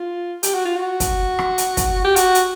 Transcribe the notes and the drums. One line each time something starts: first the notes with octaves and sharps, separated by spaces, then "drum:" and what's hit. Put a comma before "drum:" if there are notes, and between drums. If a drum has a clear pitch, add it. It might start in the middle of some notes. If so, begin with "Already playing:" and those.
Already playing: F4
G4, drum: hi-hat
F#4
F4
F#4
drum: kick, hi-hat
drum: rim click
drum: hi-hat
drum: kick, hi-hat
G4
F#4, drum: hi-hat
drum: hi-hat